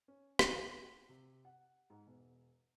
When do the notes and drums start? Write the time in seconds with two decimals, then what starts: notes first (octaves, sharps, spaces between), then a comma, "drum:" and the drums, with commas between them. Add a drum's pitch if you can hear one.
0.08 C#4
0.39 drum: rim click
0.83 F#4
1.09 C3
1.45 F#5
1.90 G#2
2.07 E1